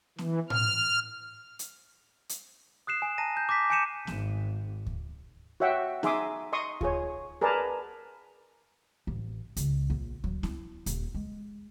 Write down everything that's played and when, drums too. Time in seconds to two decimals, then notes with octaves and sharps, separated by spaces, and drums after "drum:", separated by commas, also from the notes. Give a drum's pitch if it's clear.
0.18 E3, drum: snare B3
0.50 F6, drum: tom A2
1.59 drum: hi-hat
2.29 drum: hi-hat
2.87 D#6 F#6 C7 E7
3.02 G#5
3.18 A5 A#5 A#6 D#7
3.37 G6
3.49 D6 G6 A#6 B6
3.70 G#5 D6 G6 C#7 D#7 E7
4.07 G#1, drum: snare B3
4.86 drum: kick D2
5.60 F#4 C#5 E5 F#5 G5
6.03 D#4 G#4 E5 C6 D6 D#6, drum: snare B3
6.53 D#5 C6 C#6 D#6
6.81 F4 G#4 C#5, drum: kick D2
7.41 G#4 A#4 B4 D5 A5 A#5
9.07 A1
9.56 C#2, drum: hi-hat
9.90 A#1
10.24 F#3, drum: kick D2
10.43 E4, drum: snare B3
10.86 D#1, drum: hi-hat
11.15 G#3